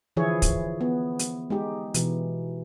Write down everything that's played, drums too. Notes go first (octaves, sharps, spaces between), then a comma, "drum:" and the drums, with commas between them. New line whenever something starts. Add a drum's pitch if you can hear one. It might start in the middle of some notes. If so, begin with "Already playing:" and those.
D3 E3 F3 E4 G#4 C#5
drum: kick, hi-hat
B3
drum: hi-hat
G#3 D#4 G4
B2 E3, drum: hi-hat